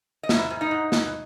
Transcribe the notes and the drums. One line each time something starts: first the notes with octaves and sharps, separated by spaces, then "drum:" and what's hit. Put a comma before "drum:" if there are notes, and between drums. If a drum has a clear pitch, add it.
D#5
G#2 E4 E5, drum: snare
G#2
D#4 D#5
G#2
E3, drum: snare